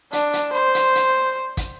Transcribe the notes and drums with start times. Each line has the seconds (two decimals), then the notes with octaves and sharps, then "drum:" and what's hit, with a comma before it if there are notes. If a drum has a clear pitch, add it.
0.13 D4, drum: hi-hat
0.33 drum: hi-hat
0.53 C5
0.75 drum: hi-hat
0.95 drum: hi-hat
1.57 drum: kick, hi-hat